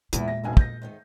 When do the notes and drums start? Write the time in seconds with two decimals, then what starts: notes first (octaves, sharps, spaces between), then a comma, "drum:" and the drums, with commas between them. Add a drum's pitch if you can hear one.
0.13 E2 A#2 G#3 E4, drum: hi-hat
0.28 G4 A#6
0.43 E1 B1 F2 G#2 C3 G#5
0.57 A4 D#5 G6 A#6, drum: kick
0.82 G#2 D#3 D#4